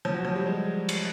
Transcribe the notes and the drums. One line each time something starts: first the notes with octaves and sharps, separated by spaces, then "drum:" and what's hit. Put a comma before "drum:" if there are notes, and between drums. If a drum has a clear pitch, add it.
F3
F#3
F3
G3
G#3
drum: cymbal